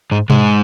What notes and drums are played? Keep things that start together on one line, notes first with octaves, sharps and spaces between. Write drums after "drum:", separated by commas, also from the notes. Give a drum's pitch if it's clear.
G#2 G#3
G#2 G#3, drum: tom B2